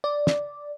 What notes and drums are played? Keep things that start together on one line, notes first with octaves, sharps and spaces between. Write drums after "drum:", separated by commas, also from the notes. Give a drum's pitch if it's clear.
D5
drum: snare